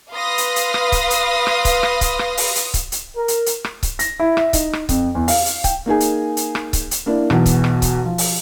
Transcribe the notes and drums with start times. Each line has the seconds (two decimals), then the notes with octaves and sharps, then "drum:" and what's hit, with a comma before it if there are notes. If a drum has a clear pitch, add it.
0.13 B4 F5 C6 D#6 A#6
0.38 drum: hi-hat
0.56 drum: hi-hat
0.74 drum: rim click
0.92 drum: kick C#1, hi-hat
1.10 drum: hi-hat
1.47 drum: rim click
1.65 drum: kick C#1, hi-hat
1.83 drum: rim click
2.01 drum: kick C#1, hi-hat
2.19 drum: rim click
2.37 drum: open hi-hat
2.56 drum: hi-hat
2.74 drum: kick C#1, hi-hat
2.92 drum: hi-hat
3.16 A#4
3.28 drum: hi-hat
3.46 drum: hi-hat
3.64 drum: rim click
3.83 drum: kick C#1, hi-hat
3.99 A#6, drum: hi-hat
4.20 E4
4.37 E5, drum: rim click
4.53 D#4, drum: kick C#1, hi-hat
4.73 drum: rim click
4.89 F2, drum: kick C#1, hi-hat
5.15 E2
5.28 F5, drum: open hi-hat
5.46 drum: hi-hat
5.64 G5, drum: kick C#1, hi-hat
5.86 A#3 D#4 G#4 G#5
6.00 drum: hi-hat
6.37 drum: hi-hat
6.55 drum: rim click
6.73 drum: kick C#1, hi-hat
6.91 drum: hi-hat
7.06 A#3 D4 E4
7.30 B1 E2 B2, drum: rim click
7.46 drum: kick C#1, hi-hat
7.64 drum: rim click
7.82 drum: kick C#1, hi-hat
8.05 F3
8.18 drum: open hi-hat